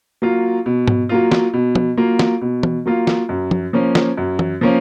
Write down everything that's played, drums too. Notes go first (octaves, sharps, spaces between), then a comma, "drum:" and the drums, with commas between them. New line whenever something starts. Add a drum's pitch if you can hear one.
F#3 A#3 F4
B2
drum: tom G#2
F#3 A#3 F4
drum: snare
B2
drum: tom
F#3 A#3 F4
drum: snare
B2
drum: tom
F#3 A#3 F4
drum: snare
F#2
drum: tom
F3 A#3 C#4
drum: snare
F#2
drum: tom
F3 A#3 C#4